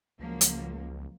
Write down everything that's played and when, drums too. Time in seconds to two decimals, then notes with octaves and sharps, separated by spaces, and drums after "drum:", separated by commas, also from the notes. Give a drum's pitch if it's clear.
0.20 C#2 F3 F#3 A#3
0.41 drum: hi-hat